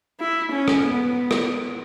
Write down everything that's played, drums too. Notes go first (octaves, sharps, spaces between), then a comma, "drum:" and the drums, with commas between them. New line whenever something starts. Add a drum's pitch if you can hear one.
E4
C#4
drum: rim click
B3
drum: rim click